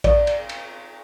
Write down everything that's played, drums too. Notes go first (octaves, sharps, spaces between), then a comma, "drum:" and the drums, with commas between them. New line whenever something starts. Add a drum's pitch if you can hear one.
D5, drum: kick A#1, cymbal
drum: cymbal
drum: cymbal